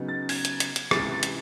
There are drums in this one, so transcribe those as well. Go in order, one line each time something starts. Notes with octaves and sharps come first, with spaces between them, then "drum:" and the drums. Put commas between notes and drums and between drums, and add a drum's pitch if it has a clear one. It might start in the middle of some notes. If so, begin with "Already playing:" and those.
Already playing: C#3 F#3 B3 D#4
A6
G#6, drum: open hi-hat
drum: hi-hat
drum: hi-hat
drum: hi-hat
C#2 C3 E3 A6, drum: rim click
A6
drum: hi-hat